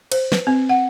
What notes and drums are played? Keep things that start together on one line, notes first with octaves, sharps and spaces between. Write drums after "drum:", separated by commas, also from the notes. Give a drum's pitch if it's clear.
C5, drum: cymbal
B4, drum: snare
C4
F#5